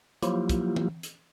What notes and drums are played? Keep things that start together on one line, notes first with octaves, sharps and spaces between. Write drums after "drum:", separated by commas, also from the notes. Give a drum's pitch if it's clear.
F3 F#3 A#3 E4 F4 G4, drum: hi-hat
drum: kick, hi-hat
drum: tom E3
drum: hi-hat